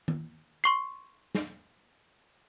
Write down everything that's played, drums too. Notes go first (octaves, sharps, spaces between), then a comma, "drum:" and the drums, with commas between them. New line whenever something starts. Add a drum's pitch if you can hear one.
drum: tom D#3
C6 C#6 C7
drum: snare